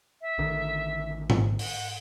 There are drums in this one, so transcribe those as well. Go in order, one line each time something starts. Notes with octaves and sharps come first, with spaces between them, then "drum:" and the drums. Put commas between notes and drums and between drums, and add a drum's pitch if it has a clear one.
E5
A1 D3 D#3
drum: tom G#2
F#5, drum: open hi-hat